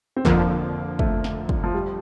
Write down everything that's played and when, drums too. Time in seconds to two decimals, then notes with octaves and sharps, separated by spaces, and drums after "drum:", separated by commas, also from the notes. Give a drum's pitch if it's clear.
0.16 C4
0.25 F2 D3 F3 A#3, drum: kick
0.99 A3, drum: kick
1.24 drum: snare
1.49 drum: kick
1.64 F3
1.74 G3